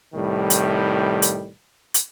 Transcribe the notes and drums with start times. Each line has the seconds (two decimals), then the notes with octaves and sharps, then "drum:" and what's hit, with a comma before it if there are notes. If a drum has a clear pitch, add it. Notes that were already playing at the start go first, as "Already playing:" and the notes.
0.14 C2 A2 D#3 G3
0.50 drum: hi-hat
1.22 drum: hi-hat
1.94 drum: hi-hat